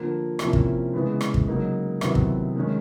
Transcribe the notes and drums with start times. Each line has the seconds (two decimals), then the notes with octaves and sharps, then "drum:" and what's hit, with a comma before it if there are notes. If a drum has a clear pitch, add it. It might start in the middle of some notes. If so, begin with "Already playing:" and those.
Already playing: D3 F3 A#3
0.39 C3 F3 A#3 C#4 E4, drum: rim click
0.53 drum: kick
0.94 C#3 E3 G#3 B3 E4
1.21 drum: rim click
1.34 drum: kick
1.48 C#3 F#3 A#3 D#4
2.01 C3 D#3 F#3 B3 E4, drum: rim click
2.15 drum: kick
2.56 D#3 G#3 C#4